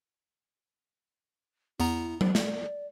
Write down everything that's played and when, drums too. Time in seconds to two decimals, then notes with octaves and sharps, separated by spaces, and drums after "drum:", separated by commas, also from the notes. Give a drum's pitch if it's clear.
1.80 E2 B3 E4 A#5, drum: tambourine
2.21 C5, drum: tom F#3
2.35 D5, drum: snare